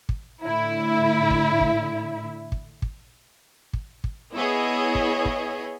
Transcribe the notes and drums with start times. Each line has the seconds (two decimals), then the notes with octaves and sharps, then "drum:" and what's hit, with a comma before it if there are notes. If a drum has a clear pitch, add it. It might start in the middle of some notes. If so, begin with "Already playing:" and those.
0.09 drum: kick
0.45 A2 D3 E4 E5
1.30 drum: kick
1.61 drum: kick
2.52 drum: kick
2.82 drum: kick
3.73 drum: kick
4.04 drum: kick
4.34 B3 E4 G#4 C#5 D#5
4.95 drum: kick
5.25 drum: kick